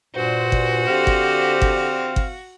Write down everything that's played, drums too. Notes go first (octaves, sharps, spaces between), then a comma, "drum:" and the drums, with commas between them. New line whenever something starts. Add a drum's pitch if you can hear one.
G2 A#2 F#4 C5
drum: kick G1
D3 C4 G4 F5
drum: kick G1
drum: kick G1
drum: kick G1